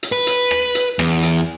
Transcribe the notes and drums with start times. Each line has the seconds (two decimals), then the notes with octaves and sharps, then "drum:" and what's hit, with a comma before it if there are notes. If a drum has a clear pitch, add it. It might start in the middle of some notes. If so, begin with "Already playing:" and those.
0.03 drum: hi-hat
0.12 B4
0.27 drum: hi-hat
0.51 drum: rim click
0.75 drum: hi-hat
0.99 E2, drum: rim click
1.23 drum: hi-hat